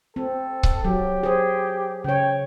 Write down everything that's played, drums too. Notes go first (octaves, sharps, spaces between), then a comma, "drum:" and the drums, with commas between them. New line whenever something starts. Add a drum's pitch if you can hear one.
C4 A4
drum: kick C#1
F#3 G4
G#4 C5
C#3 C#5 G5